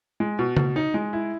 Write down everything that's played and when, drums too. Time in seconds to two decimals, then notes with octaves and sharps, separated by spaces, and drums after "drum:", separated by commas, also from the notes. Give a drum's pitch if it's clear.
0.20 G#3
0.39 B2
0.57 B2, drum: tom C#3
0.76 D#4
0.94 G#3
1.13 E4